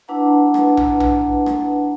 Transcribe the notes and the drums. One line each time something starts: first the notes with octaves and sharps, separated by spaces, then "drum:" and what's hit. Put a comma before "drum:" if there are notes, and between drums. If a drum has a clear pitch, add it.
D4 E4 B4 F#5 A5 A#5
drum: rim click
drum: tom A#1
drum: tom A#1
drum: rim click